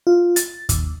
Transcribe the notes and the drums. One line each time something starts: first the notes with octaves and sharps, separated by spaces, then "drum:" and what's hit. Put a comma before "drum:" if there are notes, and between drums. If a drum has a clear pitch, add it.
F4
A6, drum: hi-hat
D#2, drum: kick, hi-hat